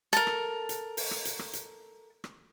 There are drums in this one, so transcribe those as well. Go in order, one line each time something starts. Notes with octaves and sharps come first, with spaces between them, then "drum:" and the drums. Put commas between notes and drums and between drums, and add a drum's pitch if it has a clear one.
A4 A#4, drum: hi-hat
drum: rim click
drum: hi-hat
drum: open hi-hat
drum: rim click
drum: hi-hat
drum: rim click
drum: hi-hat
drum: rim click